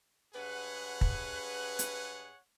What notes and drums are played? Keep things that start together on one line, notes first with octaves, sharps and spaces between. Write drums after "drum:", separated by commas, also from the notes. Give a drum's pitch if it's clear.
G2 G#3 G#4 B4 C#5 F#5
drum: kick
drum: hi-hat